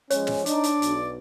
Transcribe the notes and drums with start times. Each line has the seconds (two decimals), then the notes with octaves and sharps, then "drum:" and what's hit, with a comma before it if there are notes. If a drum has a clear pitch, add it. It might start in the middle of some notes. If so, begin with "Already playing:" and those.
0.10 F3 G#3 C#4 C#5, drum: hi-hat
0.27 drum: snare
0.46 D4 D#4 D5, drum: hi-hat
0.64 drum: hi-hat
0.82 B1, drum: hi-hat